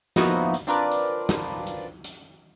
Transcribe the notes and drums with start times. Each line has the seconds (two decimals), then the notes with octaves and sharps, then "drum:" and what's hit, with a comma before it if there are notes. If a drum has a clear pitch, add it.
0.16 F3 A#3 B3 D#4 E4 F#4, drum: snare
0.54 drum: hi-hat
0.67 C4 D4 F4 A#4 B4 D5
0.91 drum: hi-hat
1.29 drum: snare
1.67 drum: hi-hat
2.04 drum: hi-hat